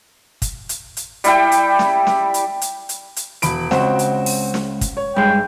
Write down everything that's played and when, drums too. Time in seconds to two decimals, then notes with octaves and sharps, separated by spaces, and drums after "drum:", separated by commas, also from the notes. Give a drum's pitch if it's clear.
0.42 drum: kick, hi-hat
0.69 drum: hi-hat
0.97 drum: hi-hat
1.24 G3 E4 G5, drum: hi-hat
1.52 drum: hi-hat
1.79 drum: snare
2.07 drum: snare
2.34 drum: hi-hat
2.61 drum: hi-hat
2.89 drum: hi-hat
3.16 drum: hi-hat
3.42 E1 B5 D7, drum: hi-hat
3.71 C#2 C4 F#4, drum: snare
3.99 drum: hi-hat
4.26 drum: open hi-hat
4.54 drum: snare
4.81 drum: kick, hi-hat
4.97 C#5
5.16 G2 G#3 G5